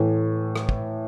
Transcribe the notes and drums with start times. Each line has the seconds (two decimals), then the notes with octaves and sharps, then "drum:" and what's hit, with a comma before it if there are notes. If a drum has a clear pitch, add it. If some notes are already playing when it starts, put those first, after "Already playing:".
Already playing: A2 E3 A3
0.56 drum: rim click
0.69 drum: kick